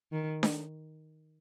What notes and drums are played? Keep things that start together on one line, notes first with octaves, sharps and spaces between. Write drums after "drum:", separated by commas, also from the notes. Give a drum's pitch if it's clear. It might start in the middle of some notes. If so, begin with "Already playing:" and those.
D#3
drum: snare D4